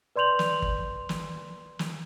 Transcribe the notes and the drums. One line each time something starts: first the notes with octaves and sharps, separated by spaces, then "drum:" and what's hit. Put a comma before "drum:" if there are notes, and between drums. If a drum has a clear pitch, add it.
B4 D5 C6 G6 F7 F#7
drum: snare
drum: kick
drum: snare
drum: snare